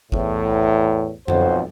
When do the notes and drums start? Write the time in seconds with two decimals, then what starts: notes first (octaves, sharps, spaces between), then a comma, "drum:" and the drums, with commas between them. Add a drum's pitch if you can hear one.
0.12 E2 A2, drum: kick
1.28 B1 F2 F#4 C5, drum: tom F2